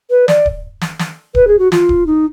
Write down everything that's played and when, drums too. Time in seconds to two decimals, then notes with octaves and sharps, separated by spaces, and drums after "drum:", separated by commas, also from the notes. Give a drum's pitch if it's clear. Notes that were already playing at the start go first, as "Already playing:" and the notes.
0.10 B4
0.28 D5, drum: snare
0.46 drum: kick D1
0.81 drum: snare
0.99 drum: snare
1.35 B4, drum: kick D1
1.48 G#4
1.59 F#4
1.72 F4, drum: snare
1.89 drum: kick D1
2.07 D#4